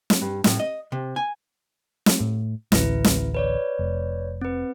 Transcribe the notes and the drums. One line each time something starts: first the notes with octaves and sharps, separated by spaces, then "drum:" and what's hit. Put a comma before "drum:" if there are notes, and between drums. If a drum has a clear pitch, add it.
drum: snare
G2
A2, drum: snare
D#5
C3
G#5
drum: snare
A2
A1 D2 E4 B4, drum: snare
drum: snare
B4 C#5 D5
F1
C4 B4